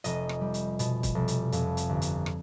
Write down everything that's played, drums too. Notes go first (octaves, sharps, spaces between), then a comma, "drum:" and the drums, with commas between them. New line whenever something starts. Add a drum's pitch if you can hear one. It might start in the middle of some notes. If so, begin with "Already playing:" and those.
F1 D#5, drum: hi-hat
drum: rim click
G3
drum: hi-hat
B2, drum: hi-hat
drum: kick, hi-hat
F1
drum: hi-hat
F2, drum: hi-hat
drum: hi-hat
G1
drum: hi-hat
drum: rim click